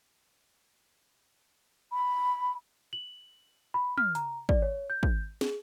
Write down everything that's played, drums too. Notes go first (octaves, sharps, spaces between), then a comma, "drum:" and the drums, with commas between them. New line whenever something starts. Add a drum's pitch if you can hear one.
B5
F#7
B5
F6, drum: tom
A#5, drum: hi-hat
D5, drum: kick
C#5
G6
drum: kick
G#4, drum: snare